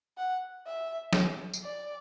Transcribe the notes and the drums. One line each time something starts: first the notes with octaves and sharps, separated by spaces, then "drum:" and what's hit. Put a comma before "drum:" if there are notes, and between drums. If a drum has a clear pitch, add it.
F#5
E5
drum: snare
drum: tambourine
D5